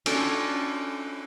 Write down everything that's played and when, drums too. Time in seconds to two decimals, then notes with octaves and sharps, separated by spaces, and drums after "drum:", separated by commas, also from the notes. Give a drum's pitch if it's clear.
0.06 C#4 D4 A4 G5, drum: cymbal